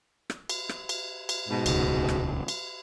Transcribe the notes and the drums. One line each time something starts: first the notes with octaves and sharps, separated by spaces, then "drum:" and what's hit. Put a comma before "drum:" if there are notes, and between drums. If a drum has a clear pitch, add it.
drum: rim click
drum: cymbal
drum: rim click
drum: cymbal
drum: cymbal
G#2 B2
D#1 C#2, drum: cymbal
drum: rim click
drum: cymbal